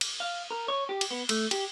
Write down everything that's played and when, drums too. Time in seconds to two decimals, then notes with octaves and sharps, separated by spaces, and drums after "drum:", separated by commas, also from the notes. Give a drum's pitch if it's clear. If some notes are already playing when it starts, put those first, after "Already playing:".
0.01 drum: cymbal
0.20 F5
0.51 A#4
0.68 C#5
0.89 G4
1.01 drum: cymbal
1.11 B3
1.29 A3, drum: cymbal
1.51 G4, drum: cymbal